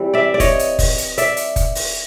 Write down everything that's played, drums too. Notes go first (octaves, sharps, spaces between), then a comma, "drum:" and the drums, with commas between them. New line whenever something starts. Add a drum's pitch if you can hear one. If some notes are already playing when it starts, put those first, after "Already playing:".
Already playing: E3 G3 C4
D5 E5
D5
C#5 D#5, drum: kick F1, hi-hat
drum: hi-hat
drum: kick F1, open hi-hat
drum: hi-hat
D5 E5, drum: hi-hat
drum: hi-hat
drum: kick F1, hi-hat
drum: open hi-hat